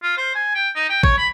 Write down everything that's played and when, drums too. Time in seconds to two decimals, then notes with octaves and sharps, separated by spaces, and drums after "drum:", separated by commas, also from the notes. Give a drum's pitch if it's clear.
0.03 F4
0.17 C5
0.35 G#5
0.54 G5
0.75 D#4
0.89 G5
1.03 C#5, drum: kick
1.18 B5